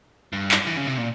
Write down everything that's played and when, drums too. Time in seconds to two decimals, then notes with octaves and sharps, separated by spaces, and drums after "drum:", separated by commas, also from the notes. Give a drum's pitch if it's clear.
0.33 G2
0.51 drum: clap
0.67 E3
0.77 C#3
0.87 C3
0.98 A#2